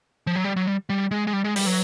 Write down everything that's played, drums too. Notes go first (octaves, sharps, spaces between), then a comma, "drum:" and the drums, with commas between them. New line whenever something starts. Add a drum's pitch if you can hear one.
F3
F#3
G3
F#3
G3
G3
G#3
G#3
G3
G#3
G3, drum: open hi-hat
F#3